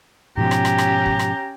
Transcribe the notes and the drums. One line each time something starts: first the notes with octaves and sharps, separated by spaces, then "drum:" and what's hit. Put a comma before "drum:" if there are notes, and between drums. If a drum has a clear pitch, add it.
G#2 B2 F3 C#4 G4 A#5
drum: rim click
drum: rim click
drum: rim click
drum: kick
drum: rim click